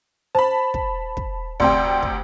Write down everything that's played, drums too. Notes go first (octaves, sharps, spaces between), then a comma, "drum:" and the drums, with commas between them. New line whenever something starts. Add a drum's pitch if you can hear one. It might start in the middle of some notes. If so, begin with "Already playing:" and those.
C5 A5 B5
drum: kick
drum: kick
D2 C3 D5 G5 C6, drum: kick
drum: kick